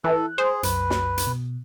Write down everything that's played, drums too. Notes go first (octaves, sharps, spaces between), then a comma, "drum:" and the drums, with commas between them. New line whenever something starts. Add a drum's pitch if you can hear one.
E3 A4 F#6
G#4 C5
C2 F#2 B4, drum: hi-hat
drum: snare
drum: hi-hat
B2